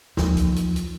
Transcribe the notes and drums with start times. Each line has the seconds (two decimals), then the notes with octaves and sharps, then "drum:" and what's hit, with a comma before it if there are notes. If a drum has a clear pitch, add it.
0.17 D#2 F3, drum: snare
0.37 drum: kick C2, hi-hat
0.56 drum: hi-hat
0.76 drum: hi-hat